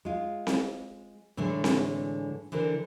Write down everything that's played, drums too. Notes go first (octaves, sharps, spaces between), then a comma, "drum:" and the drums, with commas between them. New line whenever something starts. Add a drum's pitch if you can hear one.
G#3 F4
drum: snare C4
A2 D3 E3 G#3 A3
drum: snare C4
D3 E3 D4 A#4 C5